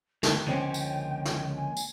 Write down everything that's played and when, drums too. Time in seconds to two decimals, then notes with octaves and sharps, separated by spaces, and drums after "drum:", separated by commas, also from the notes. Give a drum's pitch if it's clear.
0.23 D2 G5, drum: snare
0.47 C#2 D3 F3 A#3 C4 C#4
0.74 drum: tambourine
1.25 drum: snare
1.55 G#5
1.77 drum: tambourine